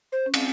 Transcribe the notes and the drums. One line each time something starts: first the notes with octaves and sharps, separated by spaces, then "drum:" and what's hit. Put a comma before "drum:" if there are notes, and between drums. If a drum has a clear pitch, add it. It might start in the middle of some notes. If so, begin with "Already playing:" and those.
C5
C#4
C4, drum: cymbal